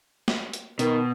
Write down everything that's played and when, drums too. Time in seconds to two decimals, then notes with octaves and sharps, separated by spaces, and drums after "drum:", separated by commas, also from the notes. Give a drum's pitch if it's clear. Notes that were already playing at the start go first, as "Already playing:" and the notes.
0.28 drum: snare
0.53 drum: hi-hat
0.79 B2 D#3, drum: hi-hat